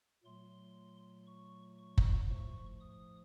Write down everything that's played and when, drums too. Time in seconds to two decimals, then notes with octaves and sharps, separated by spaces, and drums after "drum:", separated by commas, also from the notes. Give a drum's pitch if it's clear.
0.24 A#2 F#3 A3 C6
1.27 C#6
1.78 C#6
1.98 drum: kick F#1
2.30 A2 F3 A3 C#6
2.80 D#6